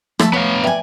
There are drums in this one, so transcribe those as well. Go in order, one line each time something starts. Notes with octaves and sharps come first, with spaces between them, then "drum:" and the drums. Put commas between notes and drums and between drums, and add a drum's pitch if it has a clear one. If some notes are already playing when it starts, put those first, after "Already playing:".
F3 A3 E5 A5, drum: rim click
B3 C#5 F5
B4 D5 E5 G5 G#5